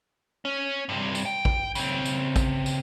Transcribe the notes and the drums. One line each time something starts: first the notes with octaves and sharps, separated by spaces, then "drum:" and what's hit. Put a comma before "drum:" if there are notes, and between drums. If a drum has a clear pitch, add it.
C#4
G2 C3
drum: tambourine
G5
drum: kick
C#3 C4, drum: tambourine
drum: tambourine
drum: kick, tambourine
drum: tambourine